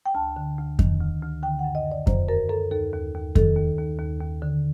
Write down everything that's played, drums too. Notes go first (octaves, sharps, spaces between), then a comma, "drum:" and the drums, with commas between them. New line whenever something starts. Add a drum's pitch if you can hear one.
G5
D2 A5
D3
D2
D#3, drum: kick F2
D2
D2
D3 G5
F#5
F#2
D#5
F#2
D5
F#2 C5, drum: kick F2
F#2 A#4
F#2 A4
D#2 A4
D#2
D#2
D#3 A4, drum: kick F2
D#2
D#2
D#2
D#2
D3